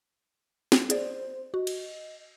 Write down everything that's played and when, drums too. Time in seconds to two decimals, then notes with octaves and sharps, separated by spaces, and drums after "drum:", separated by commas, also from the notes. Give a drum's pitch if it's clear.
0.72 drum: snare
0.90 G#4 C5 D5, drum: hi-hat
1.54 F#4 D#5
1.67 drum: cymbal